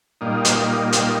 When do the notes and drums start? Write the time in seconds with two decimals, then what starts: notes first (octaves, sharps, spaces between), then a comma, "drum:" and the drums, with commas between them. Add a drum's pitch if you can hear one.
0.21 A#2 G3 A#3 D#4
0.45 drum: hi-hat
0.93 drum: hi-hat